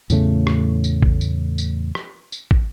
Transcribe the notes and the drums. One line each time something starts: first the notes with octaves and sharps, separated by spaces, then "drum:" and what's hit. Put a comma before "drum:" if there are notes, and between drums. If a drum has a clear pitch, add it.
E2 A2 C#3 A3, drum: tambourine
drum: rim click
drum: tambourine
drum: kick
drum: tambourine
drum: tambourine
drum: rim click
drum: tambourine
drum: kick